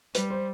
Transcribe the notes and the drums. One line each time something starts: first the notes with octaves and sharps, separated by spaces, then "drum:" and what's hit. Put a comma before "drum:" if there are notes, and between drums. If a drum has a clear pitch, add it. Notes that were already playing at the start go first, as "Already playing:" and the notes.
G3 B4, drum: hi-hat
C5